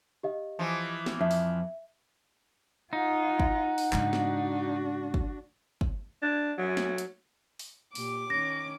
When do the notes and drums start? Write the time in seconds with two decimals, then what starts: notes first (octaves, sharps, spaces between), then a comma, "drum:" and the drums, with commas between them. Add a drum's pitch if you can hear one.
0.23 G4 D#5 F5
0.59 E3 F3
1.06 drum: snare
1.21 F2 E5
1.31 drum: open hi-hat
2.93 D#4 F4 F#5
3.40 drum: kick
3.78 drum: open hi-hat
3.92 G#2 C#3 D4 F#4, drum: clap
4.13 drum: snare
5.14 drum: kick
5.81 drum: kick
6.22 D4
6.58 F#3
6.77 drum: snare
6.98 drum: hi-hat
7.59 drum: open hi-hat
7.95 A#2 G4 D6, drum: open hi-hat
8.30 D#3 C#4 A#6